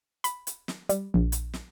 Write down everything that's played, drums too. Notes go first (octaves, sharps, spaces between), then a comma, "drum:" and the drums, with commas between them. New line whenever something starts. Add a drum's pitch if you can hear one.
B5, drum: hi-hat
drum: hi-hat
drum: snare
G3, drum: hi-hat
A#1
drum: hi-hat
drum: snare